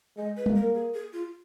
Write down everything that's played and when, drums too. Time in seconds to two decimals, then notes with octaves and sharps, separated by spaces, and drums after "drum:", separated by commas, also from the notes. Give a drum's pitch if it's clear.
0.17 G#3 D#5
0.37 B4
0.46 A#3, drum: tom G3
0.56 A#4
0.75 G#4
0.94 G#4
1.13 F4